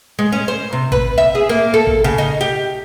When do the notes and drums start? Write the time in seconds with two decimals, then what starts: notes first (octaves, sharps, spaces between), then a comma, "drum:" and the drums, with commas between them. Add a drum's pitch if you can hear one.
0.19 G#3
0.33 C#4
0.48 C5
0.73 C3
0.92 B4, drum: kick A1
1.18 E5
1.35 G#4
1.49 A#3
1.74 A4
1.87 drum: kick A1
2.04 C#3
2.18 D#4
2.41 G4